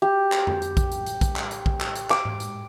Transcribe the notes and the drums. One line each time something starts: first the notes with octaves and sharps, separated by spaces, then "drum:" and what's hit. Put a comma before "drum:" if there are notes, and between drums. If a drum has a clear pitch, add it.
G4
drum: clap
drum: tom F2
drum: hi-hat
drum: kick, hi-hat
drum: hi-hat
drum: hi-hat
drum: kick, hi-hat
drum: clap
drum: hi-hat
drum: kick
drum: clap
drum: hi-hat
D6, drum: clap
drum: tom G#2
drum: hi-hat